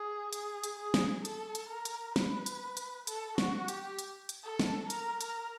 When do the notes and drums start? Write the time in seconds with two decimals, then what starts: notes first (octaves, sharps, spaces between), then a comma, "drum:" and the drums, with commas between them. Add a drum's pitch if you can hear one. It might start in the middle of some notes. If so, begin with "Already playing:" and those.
Already playing: G#4
0.33 G#4, drum: hi-hat
0.64 drum: hi-hat
0.79 G#4
0.94 drum: snare
1.25 A4, drum: hi-hat
1.55 drum: hi-hat
1.70 A#4
1.85 drum: hi-hat
2.16 B4, drum: snare
2.46 drum: hi-hat
2.77 drum: hi-hat
3.07 A4, drum: hi-hat
3.38 F#4, drum: snare
3.68 G4, drum: hi-hat
3.99 drum: hi-hat
4.29 drum: hi-hat
4.44 A4
4.59 drum: snare
4.90 A#4, drum: hi-hat
5.21 A#4, drum: hi-hat